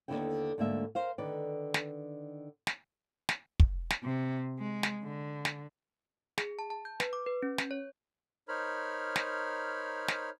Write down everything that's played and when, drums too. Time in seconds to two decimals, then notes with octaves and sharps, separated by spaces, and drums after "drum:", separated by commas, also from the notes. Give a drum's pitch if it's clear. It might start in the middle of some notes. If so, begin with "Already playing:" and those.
0.08 D#2 G#2 D3 B3 E4 G5
0.58 D2 G#2 D3 A#3 A4 E5
0.95 A#4 C5 F5
1.18 D3 D#3 B4 D5
1.74 drum: snare
2.67 drum: snare
3.29 drum: snare
3.60 drum: kick
3.90 drum: snare
4.04 C3
4.59 G#3
4.83 drum: snare
5.04 D3
5.45 drum: snare
6.38 G#4, drum: snare
6.59 A5
6.70 A5
6.85 G6
7.00 B4, drum: snare
7.13 D6
7.26 B4
7.43 C#4
7.58 G6, drum: snare
7.71 C#5
8.48 D#4 A#4 C5 C#5 B5 F6
9.16 drum: snare
10.08 drum: snare